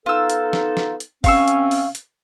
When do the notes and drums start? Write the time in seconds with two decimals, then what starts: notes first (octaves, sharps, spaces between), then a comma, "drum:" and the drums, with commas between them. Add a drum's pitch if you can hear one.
0.06 B3 D#4 F4 A4 E6
0.30 drum: hi-hat
0.53 drum: snare
0.77 drum: snare
1.00 drum: hi-hat
1.24 C3 C4 C#4 F5 C#6 E6, drum: kick G1, open hi-hat
1.48 drum: hi-hat
1.71 drum: open hi-hat
1.95 drum: hi-hat